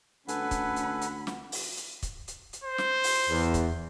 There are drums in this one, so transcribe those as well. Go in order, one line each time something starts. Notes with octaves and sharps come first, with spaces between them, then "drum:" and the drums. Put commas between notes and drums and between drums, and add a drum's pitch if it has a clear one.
D2 C#4 A4 B4 F#5 G#5 B5, drum: hi-hat
drum: kick C#1, hi-hat
drum: hi-hat
drum: hi-hat
drum: snare
drum: open hi-hat
drum: hi-hat
drum: kick C#1, hi-hat
drum: hi-hat
drum: hi-hat
C5
drum: snare
drum: open hi-hat
E2
drum: kick C#1, hi-hat